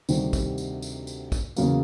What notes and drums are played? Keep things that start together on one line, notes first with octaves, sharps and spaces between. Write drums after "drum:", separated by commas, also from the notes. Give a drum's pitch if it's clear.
D2 C3 D#3 G3, drum: tambourine
drum: kick, tambourine
drum: tambourine
drum: tambourine
drum: tambourine
drum: kick, tambourine
E2 C#3 F#3 A#3, drum: tambourine